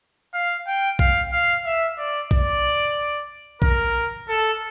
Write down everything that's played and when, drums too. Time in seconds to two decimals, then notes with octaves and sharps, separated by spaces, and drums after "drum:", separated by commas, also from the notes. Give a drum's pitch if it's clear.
0.34 F5
0.67 G5
0.99 F5, drum: kick A#1
1.32 F5
1.65 E5
1.98 D5
2.31 D5, drum: kick A#1
3.62 A#4, drum: kick A#1
4.28 A4